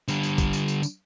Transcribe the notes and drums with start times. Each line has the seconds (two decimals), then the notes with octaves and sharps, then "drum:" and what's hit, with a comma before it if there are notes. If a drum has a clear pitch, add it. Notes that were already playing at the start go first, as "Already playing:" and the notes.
0.08 D3 G3, drum: tambourine
0.23 drum: tambourine
0.38 drum: kick, tambourine
0.53 drum: tambourine
0.68 drum: tambourine
0.83 drum: tambourine